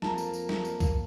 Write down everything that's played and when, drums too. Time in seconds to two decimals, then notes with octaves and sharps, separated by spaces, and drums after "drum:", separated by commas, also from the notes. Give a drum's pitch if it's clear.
0.02 F2 A#3 A5 A#5, drum: snare
0.18 drum: tambourine
0.33 drum: tambourine
0.49 drum: snare
0.65 drum: tambourine
0.80 drum: kick C2, tambourine